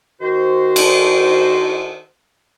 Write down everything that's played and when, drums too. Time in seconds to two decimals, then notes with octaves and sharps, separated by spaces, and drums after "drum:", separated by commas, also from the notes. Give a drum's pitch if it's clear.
0.22 D#3 F#4 C5
0.76 drum: cymbal